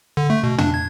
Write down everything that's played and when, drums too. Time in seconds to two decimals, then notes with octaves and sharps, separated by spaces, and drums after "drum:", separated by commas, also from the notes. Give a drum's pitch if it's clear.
0.17 D3
0.30 A3
0.43 B2
0.58 D4, drum: tom
0.74 G#6